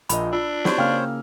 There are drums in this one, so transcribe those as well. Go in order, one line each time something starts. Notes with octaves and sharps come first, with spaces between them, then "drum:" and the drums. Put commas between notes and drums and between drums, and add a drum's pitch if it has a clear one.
A#1 A#2 D#5 B5, drum: hi-hat
D4 F4 E6
D#4 E4 F#4 C5 C#5, drum: snare
C#3 A#3 F5 G5 F6